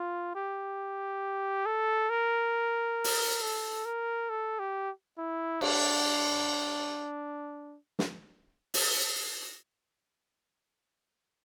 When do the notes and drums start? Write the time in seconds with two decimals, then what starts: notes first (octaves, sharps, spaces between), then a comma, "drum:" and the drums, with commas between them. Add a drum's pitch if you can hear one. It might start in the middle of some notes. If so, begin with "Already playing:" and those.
Already playing: F4
0.35 G4
1.66 A4
2.10 A#4
3.04 drum: open hi-hat
3.42 A4
3.85 A#4
4.30 A4
4.59 G4
5.18 E4
5.61 D4, drum: cymbal
7.99 drum: snare
8.74 drum: open hi-hat